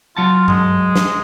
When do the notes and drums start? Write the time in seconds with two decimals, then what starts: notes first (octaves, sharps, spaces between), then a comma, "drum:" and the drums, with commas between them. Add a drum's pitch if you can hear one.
0.17 F#3 F4 F#5 A5
0.48 G#3, drum: tom G2
0.96 drum: snare